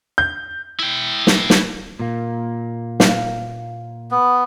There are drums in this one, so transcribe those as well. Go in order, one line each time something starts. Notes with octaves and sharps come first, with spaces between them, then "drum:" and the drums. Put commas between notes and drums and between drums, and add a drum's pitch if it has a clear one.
G6
E4 G5
drum: snare
drum: snare
A#2 A#3
F5, drum: snare
B3